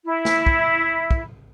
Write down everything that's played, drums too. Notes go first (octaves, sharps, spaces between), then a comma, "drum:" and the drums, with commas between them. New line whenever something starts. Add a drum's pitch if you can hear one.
E4
drum: snare
drum: kick
drum: kick